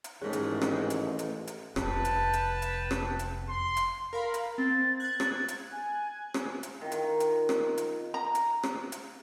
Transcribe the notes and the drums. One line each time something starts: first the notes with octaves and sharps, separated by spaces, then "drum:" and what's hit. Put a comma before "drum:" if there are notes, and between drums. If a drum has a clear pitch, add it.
drum: hi-hat
A1 G#2 C3 D#3 A3 G#4 C#5
drum: hi-hat
drum: rim click
drum: hi-hat
drum: hi-hat
drum: hi-hat
F1 B4 G5 A5, drum: rim click
drum: hi-hat
drum: hi-hat
drum: hi-hat
drum: rim click
drum: hi-hat
C6
drum: hi-hat
A#4 F5 B5
drum: hi-hat
C4 A6
F#6 G#6
drum: rim click
drum: hi-hat
G#5
drum: rim click
drum: hi-hat
D#3 F4
drum: hi-hat
drum: hi-hat
drum: rim click
drum: hi-hat
A#5
drum: hi-hat
drum: rim click
drum: hi-hat